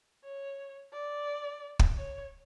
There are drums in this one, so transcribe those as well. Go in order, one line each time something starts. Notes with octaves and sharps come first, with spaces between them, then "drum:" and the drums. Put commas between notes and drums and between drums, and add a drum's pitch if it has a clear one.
C#5
D5
drum: kick
C#5